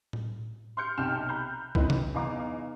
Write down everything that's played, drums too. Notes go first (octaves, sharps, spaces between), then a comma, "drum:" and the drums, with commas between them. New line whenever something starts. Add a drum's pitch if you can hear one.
drum: tom A2
C6 F6 G6 C#7
B1 C3 G5 A5 F6 E7
A#5 B5 F#6 G6
C4 C#4 D#4 E4 B4, drum: kick C2
F#3, drum: tom C3
E2 D#4 F5 A#5 D6